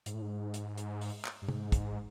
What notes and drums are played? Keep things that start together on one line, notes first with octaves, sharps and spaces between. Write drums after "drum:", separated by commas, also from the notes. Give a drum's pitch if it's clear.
G#2, drum: hi-hat
A2
G#2
drum: hi-hat
drum: hi-hat
drum: open hi-hat
drum: clap
G2
G#2, drum: tom
drum: kick, hi-hat